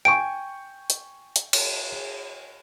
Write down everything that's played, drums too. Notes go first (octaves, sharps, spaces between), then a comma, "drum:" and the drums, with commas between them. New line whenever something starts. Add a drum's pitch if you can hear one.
G5 G#5 C#6 D7
drum: hi-hat
drum: hi-hat
drum: cymbal